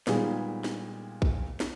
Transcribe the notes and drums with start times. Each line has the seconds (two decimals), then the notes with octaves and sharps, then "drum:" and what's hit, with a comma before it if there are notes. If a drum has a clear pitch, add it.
0.07 A#2 D#3 G3 G#3 B3 G#4, drum: snare
0.64 drum: snare
1.22 drum: kick
1.60 drum: snare